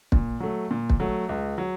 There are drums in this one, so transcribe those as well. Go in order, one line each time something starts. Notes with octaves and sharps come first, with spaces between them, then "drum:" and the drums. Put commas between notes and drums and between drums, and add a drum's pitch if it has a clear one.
A#2, drum: kick
F#3 A3
A#2
drum: kick
F#3 A3
C#2
F#3